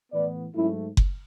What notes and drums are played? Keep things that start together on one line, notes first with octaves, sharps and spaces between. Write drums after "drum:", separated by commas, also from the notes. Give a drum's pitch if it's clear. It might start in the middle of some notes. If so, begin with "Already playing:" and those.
A2 E3 B3 B4 D5
G#2 F#3 A3 C#4 E4
drum: kick F#1